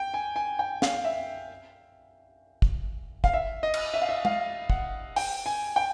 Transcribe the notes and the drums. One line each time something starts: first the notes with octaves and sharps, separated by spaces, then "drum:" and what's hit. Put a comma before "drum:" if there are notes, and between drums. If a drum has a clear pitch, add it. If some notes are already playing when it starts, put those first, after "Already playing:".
Already playing: G5
G#5
G#5
G5
F5, drum: snare
E5
drum: kick
F5, drum: kick
E5
D#5
drum: cymbal
E5
F5
E5
F5, drum: tom
F#5, drum: kick
G5, drum: open hi-hat
G#5
G5